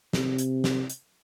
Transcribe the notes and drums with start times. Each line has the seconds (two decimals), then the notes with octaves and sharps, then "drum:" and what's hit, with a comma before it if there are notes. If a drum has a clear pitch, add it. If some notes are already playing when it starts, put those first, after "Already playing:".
0.13 C3, drum: snare
0.38 drum: hi-hat
0.64 drum: snare
0.90 drum: hi-hat